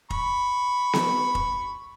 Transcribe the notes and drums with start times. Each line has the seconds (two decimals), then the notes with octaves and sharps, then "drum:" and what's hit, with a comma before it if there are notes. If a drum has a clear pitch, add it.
0.10 B5 C#6, drum: kick F1
0.93 drum: snare B3
1.35 drum: kick F1